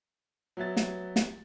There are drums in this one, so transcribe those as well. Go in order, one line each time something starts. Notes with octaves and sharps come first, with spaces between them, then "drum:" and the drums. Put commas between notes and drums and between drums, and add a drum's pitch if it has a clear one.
F#3 B3 E5 A6
drum: snare
drum: snare